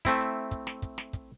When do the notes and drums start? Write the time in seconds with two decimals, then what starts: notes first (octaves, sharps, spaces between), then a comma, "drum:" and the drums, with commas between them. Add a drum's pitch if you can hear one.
0.05 A3 C4 E4, drum: kick
0.20 drum: hi-hat
0.51 drum: kick, hi-hat
0.67 drum: snare
0.82 drum: kick, hi-hat
0.98 drum: snare
1.13 drum: kick, hi-hat